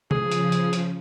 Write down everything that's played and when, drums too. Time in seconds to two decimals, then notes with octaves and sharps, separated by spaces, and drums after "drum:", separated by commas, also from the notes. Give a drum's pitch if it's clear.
0.11 C#3 F3 G#4, drum: tom C3
0.31 drum: hi-hat
0.52 drum: hi-hat
0.73 drum: hi-hat